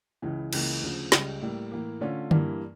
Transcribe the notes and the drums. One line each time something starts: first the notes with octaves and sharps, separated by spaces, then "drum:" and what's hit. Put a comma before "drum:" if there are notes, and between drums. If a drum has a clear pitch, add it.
C#2 C#3 E3
C#2 C#3 E3 A#3, drum: cymbal
D2 C#3 F3
C#2 C#3 G3, drum: snare
A2 G3 A#3
A2 E3 A#3
D3 A3 C#4 F4
G2 E3 G3 A#3, drum: tom D3